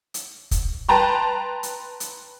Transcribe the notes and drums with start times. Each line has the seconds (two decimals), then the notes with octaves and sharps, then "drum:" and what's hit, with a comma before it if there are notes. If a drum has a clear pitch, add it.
0.14 drum: hi-hat
0.51 drum: kick, hi-hat
0.89 B4 G5 A5 A#5 C6
1.63 drum: hi-hat
2.00 drum: hi-hat